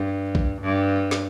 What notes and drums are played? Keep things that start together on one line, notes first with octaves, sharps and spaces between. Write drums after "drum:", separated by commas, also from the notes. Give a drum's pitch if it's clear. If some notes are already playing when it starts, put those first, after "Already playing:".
Already playing: G2
drum: kick A#1
G2
drum: snare